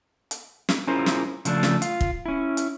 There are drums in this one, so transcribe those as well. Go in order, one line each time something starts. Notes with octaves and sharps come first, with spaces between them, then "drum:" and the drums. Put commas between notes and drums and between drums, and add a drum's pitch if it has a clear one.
drum: hi-hat
drum: snare
C#4 E4 F4 G#4 A#4 C5
drum: snare
C#3 F3 A3 D4, drum: hi-hat
drum: snare
F4, drum: hi-hat
drum: kick
C#4 E4
drum: hi-hat